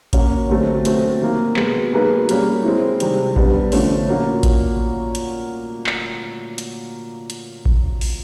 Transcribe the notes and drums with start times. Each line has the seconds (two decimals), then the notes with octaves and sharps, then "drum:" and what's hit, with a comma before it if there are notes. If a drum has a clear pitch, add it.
0.13 A#3 C#4 F#4, drum: kick A1, hi-hat
0.50 D3 F#3 A3 C4
0.85 B2 F#3 A3 C4, drum: hi-hat
1.21 D#3 F#3 A#3
1.56 B2 G#3 B3, drum: clap
1.93 F#3 A#3 D#4 G#4 B4
2.29 B2 G3 A#3 C#4, drum: hi-hat
2.64 G#3 C4 E4
3.00 C3 D#3 G3, drum: hi-hat
3.36 G3 B3 D4, drum: kick A1
3.72 D3 F3 A3 C#4, drum: open hi-hat
4.08 A#2 F#3 A#3 C#4 F#4
4.43 drum: kick A1, hi-hat
5.15 drum: hi-hat
5.86 drum: clap
6.58 drum: hi-hat
7.30 drum: hi-hat
7.66 drum: kick A1
8.01 drum: open hi-hat